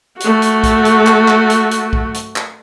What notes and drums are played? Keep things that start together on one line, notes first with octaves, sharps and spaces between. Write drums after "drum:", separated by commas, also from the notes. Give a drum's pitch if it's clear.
A3 F#4, drum: hi-hat
drum: hi-hat
drum: kick, hi-hat
drum: hi-hat
drum: clap
drum: clap
drum: hi-hat
drum: hi-hat
drum: kick
drum: hi-hat
drum: clap